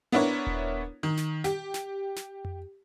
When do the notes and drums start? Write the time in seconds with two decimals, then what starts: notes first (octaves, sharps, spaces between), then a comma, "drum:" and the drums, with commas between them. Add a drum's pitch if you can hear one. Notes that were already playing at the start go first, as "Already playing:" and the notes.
0.12 B3 D4 E4 A#4 C#5
0.47 drum: kick D#1
1.03 D#3
1.17 drum: snare
1.44 G4, drum: snare
1.74 drum: snare
2.16 drum: snare
2.45 drum: tom F2